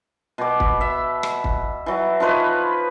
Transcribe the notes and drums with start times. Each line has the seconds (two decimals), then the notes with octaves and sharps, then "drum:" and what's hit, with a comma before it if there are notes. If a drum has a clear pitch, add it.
0.38 B2 D6
0.60 drum: kick
0.81 E5
1.23 drum: rim click
1.44 drum: kick
1.86 E3 F#3
2.20 F3 D#4 B4 C#5